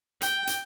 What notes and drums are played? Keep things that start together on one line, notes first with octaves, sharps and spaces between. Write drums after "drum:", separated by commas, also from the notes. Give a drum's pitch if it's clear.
G5, drum: hi-hat
drum: hi-hat